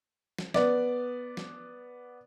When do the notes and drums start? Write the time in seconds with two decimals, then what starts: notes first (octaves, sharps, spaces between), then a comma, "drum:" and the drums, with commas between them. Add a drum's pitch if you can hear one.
0.38 drum: snare
0.54 B3 D5, drum: snare
1.37 drum: snare